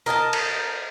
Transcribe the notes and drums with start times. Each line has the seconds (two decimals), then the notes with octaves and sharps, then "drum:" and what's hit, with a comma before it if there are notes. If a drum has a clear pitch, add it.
0.06 A#4 D#5 G5 A5
0.33 drum: cymbal